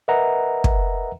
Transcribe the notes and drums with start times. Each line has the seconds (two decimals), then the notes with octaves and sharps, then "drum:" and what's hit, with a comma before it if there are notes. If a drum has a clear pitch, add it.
0.08 A#4 B4 D#5 E5 F#5 A#5
0.64 drum: kick